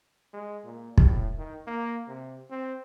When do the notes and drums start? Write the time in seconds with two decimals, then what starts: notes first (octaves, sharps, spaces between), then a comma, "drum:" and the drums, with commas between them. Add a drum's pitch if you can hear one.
0.33 G#3
0.64 A#2
0.98 A2, drum: kick
1.38 D#3
1.67 A#3
2.08 C3
2.50 C4